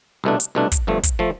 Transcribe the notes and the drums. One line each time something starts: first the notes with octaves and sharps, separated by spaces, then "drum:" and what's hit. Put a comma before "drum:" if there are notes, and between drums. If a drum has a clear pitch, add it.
C2 B2 A3 D4
drum: hi-hat
C2 B2 A3 D4
drum: kick, hi-hat
G1 G2 F3 A3
drum: kick, hi-hat
F3 A3